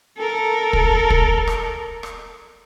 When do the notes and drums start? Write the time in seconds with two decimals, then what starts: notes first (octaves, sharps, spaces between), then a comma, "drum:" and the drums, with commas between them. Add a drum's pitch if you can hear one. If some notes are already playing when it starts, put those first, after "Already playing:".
0.18 A4 A#4
0.73 drum: kick
1.10 drum: kick
1.47 drum: rim click
2.03 drum: rim click